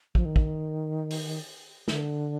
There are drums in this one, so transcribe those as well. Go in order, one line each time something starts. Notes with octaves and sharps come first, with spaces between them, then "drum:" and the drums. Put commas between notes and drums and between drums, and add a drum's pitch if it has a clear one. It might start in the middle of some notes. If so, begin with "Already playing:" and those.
F3, drum: kick
D#3
drum: kick
drum: open hi-hat
D3, drum: snare